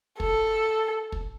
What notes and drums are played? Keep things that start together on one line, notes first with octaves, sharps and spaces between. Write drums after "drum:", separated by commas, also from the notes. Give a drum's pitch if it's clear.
A4, drum: kick
drum: kick